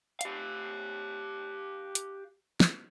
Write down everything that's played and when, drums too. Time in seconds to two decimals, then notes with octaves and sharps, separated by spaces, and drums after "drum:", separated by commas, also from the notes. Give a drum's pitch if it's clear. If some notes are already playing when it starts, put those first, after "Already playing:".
0.21 G4 F5, drum: hi-hat
1.95 drum: hi-hat
2.60 drum: snare